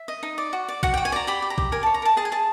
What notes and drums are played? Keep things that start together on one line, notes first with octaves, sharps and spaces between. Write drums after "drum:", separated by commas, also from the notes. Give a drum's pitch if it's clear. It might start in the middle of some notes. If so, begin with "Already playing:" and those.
Already playing: E5
D#5
D#4
D5
F#4
D5
F#4 F#5, drum: kick
F#4 G5
G#5
D5 A#5
G4 B5
G4
A#5
G4, drum: kick
A#4 G#5
C#5 A5
A#5
A#4 A5
G#4 A5
G#5
G#4 A5